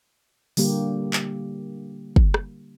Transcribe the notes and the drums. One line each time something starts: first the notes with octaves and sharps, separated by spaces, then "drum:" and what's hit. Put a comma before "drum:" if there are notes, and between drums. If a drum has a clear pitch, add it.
D3 G3 A#3 G4, drum: open hi-hat
drum: clap
drum: kick
drum: rim click